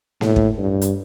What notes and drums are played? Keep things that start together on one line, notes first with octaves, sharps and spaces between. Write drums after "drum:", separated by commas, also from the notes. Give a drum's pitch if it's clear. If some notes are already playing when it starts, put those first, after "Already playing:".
A2, drum: snare A#3
drum: kick
G2
drum: hi-hat